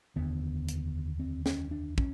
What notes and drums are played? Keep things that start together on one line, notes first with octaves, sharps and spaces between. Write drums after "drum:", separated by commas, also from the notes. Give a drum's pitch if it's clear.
F1 D#2 D3 B3
drum: hi-hat
C4
C#4, drum: snare
D4
C#4, drum: kick